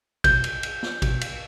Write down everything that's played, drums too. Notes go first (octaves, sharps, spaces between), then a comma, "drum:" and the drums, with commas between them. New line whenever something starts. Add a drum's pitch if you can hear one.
G6, drum: kick G#1, cymbal
drum: cymbal
drum: cymbal
drum: snare
drum: kick G#1, cymbal
drum: cymbal